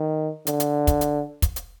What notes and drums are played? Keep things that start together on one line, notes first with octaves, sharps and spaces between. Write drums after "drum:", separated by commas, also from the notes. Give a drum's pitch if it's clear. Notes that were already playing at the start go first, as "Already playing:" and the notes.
Already playing: D#3
D3, drum: hi-hat
drum: hi-hat
drum: kick, hi-hat
drum: hi-hat
drum: kick, hi-hat
drum: hi-hat